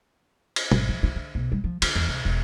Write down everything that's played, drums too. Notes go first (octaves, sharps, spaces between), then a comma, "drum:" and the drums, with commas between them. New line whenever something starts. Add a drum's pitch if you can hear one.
drum: cymbal
G#1, drum: tom B2
F3
F4
D3
B1
G3
F3
D3, drum: cymbal
E2
C2
E1